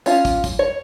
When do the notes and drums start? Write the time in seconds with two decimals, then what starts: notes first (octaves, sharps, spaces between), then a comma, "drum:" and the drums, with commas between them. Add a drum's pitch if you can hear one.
0.06 C#4 F4, drum: tambourine
0.25 drum: kick, tambourine
0.44 drum: kick, tambourine
0.59 C#5